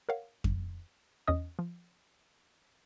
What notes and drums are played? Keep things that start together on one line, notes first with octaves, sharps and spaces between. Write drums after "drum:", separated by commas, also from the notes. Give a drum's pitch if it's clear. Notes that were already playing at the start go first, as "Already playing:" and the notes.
A#4 C#5 F5 F#5
drum: kick F2
E2 C#4 D#5 D#6
F3